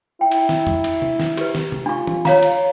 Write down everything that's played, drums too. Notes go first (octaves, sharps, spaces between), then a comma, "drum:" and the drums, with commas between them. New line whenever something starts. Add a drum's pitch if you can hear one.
E4 G5
drum: cymbal
drum: snare
drum: tom E2
drum: cymbal
drum: tom C3
drum: snare
G4 B4, drum: cymbal
drum: snare
drum: tom C3
D4 F4 C#6
drum: tom E3
C#5 F5 A#5, drum: snare
drum: cymbal